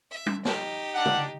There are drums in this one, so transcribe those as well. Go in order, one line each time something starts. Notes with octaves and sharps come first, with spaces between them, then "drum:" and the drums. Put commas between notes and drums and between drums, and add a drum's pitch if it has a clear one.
E5
drum: tom
D#4 G4, drum: snare
G3 D4 F#5
drum: tom